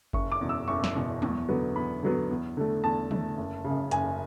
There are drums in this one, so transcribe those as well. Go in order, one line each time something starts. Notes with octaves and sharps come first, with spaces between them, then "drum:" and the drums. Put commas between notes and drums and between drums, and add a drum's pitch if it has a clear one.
F#1 C#6, drum: kick G1
D6
E2 B2
E6
F#1 C#6
drum: snare
E2 B2
E2, drum: tom
D3 F#3 B3
E2 B5
D3 F#3 B3
E2
D3 A3
E2 A5
D3 A3, drum: tom
F#1
F#2 C#3
F#1 G#5, drum: hi-hat